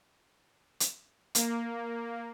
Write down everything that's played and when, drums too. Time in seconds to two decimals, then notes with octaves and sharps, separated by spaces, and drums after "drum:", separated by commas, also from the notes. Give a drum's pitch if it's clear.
0.80 drum: hi-hat
1.35 A#3, drum: hi-hat